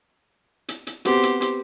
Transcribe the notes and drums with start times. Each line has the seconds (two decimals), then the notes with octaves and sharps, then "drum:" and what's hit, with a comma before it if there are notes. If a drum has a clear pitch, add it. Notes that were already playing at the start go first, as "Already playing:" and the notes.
0.68 drum: hi-hat
0.87 drum: hi-hat
1.05 B3 C4 F#4 G4 C5, drum: hi-hat
1.23 drum: hi-hat
1.42 drum: hi-hat